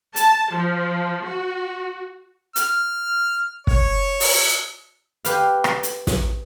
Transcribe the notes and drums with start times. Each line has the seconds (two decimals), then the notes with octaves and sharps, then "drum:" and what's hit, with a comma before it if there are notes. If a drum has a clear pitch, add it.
0.16 A5, drum: hi-hat
0.53 F3
1.25 F#4
2.56 F6, drum: hi-hat
3.67 C#5, drum: kick
4.20 drum: open hi-hat
5.25 G4 B4 F5, drum: hi-hat
5.64 drum: rim click
5.83 drum: hi-hat
6.07 drum: snare